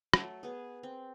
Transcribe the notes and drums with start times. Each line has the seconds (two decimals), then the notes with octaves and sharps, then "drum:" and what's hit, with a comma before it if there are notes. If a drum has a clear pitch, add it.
0.14 F#3 A3, drum: rim click
0.43 B3 G#4
0.83 C4